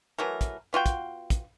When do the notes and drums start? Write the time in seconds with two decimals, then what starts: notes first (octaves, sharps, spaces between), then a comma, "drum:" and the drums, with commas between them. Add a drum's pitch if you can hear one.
0.18 E3 F#3 A3 A#4
0.41 drum: kick, hi-hat
0.73 B3 F4 F#4 G5
0.86 drum: kick, hi-hat
1.30 drum: kick, hi-hat